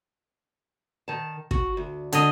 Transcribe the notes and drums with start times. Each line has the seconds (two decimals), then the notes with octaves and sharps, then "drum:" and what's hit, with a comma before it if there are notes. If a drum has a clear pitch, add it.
1.08 D#3 A5
1.51 F#4, drum: kick
1.77 D2
2.12 D3 D#5, drum: hi-hat